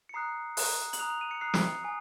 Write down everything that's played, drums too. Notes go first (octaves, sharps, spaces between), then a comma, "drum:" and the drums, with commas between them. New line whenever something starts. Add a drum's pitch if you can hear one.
C#7
A#5 D#6 F#6 C7
A#5 D#6 F#6, drum: open hi-hat
F#7, drum: hi-hat
A#5 D#6 F#6 F7
F7
D#7
C#7
A#5 D#6 F#6 C7
drum: snare
G#5 D#6